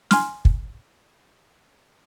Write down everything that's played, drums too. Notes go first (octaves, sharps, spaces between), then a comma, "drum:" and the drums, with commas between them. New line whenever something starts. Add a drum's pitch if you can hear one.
G#5 C6 F6, drum: snare
drum: kick